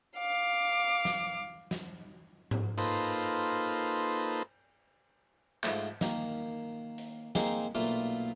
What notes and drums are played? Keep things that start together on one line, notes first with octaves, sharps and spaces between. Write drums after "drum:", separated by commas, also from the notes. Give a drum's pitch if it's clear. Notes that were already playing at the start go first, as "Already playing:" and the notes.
F5 D6
drum: snare
drum: snare
drum: tom G#2
A#3 D#4 F4 A4 B4 C5, drum: cymbal
drum: tambourine
G#2 F3 A3, drum: clap
D#3 A#3, drum: snare
drum: hi-hat
A#3 C4 D#4 G#4 C5, drum: snare
B1 A#2 A3 A#3 F4